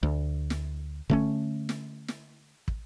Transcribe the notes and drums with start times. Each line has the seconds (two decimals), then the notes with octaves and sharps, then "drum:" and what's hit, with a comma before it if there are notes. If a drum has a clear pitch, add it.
0.03 D2
0.50 drum: snare
1.10 D3 A3 C#4, drum: kick
1.69 drum: snare
2.08 drum: snare
2.68 drum: kick